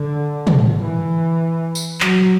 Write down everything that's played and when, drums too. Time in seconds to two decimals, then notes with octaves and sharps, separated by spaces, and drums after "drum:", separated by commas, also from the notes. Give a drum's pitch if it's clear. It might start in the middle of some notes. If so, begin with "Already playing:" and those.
Already playing: D3
0.47 drum: tom
0.82 E3
1.75 drum: tambourine
2.00 F#3, drum: clap